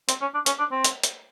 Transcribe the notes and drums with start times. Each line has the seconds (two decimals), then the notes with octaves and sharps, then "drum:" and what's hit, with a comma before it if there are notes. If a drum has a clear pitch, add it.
0.09 C4, drum: hi-hat
0.21 C#4
0.34 D4
0.46 C#4, drum: hi-hat
0.59 D4
0.72 C4
0.84 drum: hi-hat
1.03 drum: hi-hat